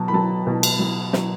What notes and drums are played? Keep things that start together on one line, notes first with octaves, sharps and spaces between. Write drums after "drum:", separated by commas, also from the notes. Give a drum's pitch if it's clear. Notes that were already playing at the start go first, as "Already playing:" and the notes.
Already playing: B2 F#3 A5
B5
F#3 A5
B2
drum: cymbal
F#3
F#3, drum: snare